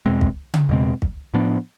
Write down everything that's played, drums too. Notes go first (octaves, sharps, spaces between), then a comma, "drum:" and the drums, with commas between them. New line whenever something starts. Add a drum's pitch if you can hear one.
E2 B2 G#3 C4
drum: kick
drum: tom C#3
E2 B2 G#3 C4
drum: kick
A2 F3 B3 D4